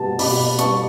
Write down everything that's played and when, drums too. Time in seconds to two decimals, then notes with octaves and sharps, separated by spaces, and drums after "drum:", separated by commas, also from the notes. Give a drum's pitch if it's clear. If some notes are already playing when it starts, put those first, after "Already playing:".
Already playing: B2 G3 B3 A5
0.19 B2 B5 D6, drum: open hi-hat
0.59 G3 B3 A5 C#6, drum: hi-hat